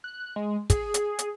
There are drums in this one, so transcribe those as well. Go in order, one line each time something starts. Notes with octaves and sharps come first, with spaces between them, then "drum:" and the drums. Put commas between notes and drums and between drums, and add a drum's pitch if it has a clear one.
F#6
G#3
G#4, drum: kick, hi-hat
drum: hi-hat
drum: hi-hat